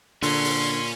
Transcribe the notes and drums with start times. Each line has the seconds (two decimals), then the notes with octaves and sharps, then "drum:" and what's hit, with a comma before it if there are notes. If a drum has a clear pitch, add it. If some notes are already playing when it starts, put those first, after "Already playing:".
0.22 A#2 D3 C#4 C6, drum: open hi-hat
0.44 drum: open hi-hat